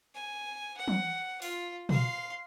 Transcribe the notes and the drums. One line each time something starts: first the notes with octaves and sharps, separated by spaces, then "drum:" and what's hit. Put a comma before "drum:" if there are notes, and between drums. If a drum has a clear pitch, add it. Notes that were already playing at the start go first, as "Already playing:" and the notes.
G#5
F#5
drum: tom E3
F4, drum: open hi-hat
F5 C6, drum: tom